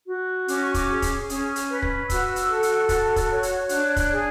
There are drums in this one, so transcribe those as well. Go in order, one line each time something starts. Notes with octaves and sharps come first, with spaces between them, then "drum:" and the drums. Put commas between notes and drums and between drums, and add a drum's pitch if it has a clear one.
F#4
C#4 D6, drum: hi-hat
C#6
D6, drum: kick, hi-hat
G#4
drum: kick, hi-hat
C#4, drum: hi-hat
drum: hi-hat
B4
drum: kick
F#4 E6, drum: kick, hi-hat
drum: hi-hat
A4
drum: hi-hat
F#4, drum: kick, hi-hat
drum: kick, hi-hat
C#5
drum: hi-hat
D4 F#6, drum: hi-hat
drum: kick, hi-hat
G#4